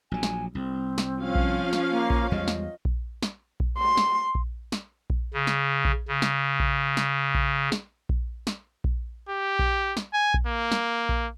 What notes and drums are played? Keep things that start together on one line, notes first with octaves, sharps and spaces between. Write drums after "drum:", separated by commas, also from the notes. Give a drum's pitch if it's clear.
A#1 F#3 G#5
drum: snare
C2 C4
drum: snare
F3 C#4 F5
drum: kick A#1
drum: snare
A#3
drum: kick A#1
E2 G3 G#3 D#5
drum: snare
drum: kick A#1
drum: snare
drum: kick A#1
C6
drum: snare
drum: kick A#1
drum: snare
drum: kick A#1
C#3
drum: snare
drum: kick A#1
C#3
drum: snare
drum: kick A#1
drum: snare
drum: kick A#1
drum: snare
drum: kick A#1
drum: snare
drum: kick A#1
G4
drum: kick A#1
drum: snare
G#5
drum: kick A#1
A#3
drum: snare
drum: kick A#1